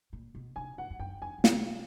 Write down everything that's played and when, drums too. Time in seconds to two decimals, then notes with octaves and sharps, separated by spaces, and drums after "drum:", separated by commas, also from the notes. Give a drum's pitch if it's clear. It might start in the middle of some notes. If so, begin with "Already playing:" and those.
0.13 A#2
0.35 B2
0.56 C3 G#5
0.78 G2 F#5
0.90 F2
0.99 F#2 G5
1.22 F2 G#5
1.38 A#2
1.44 B2 F5, drum: snare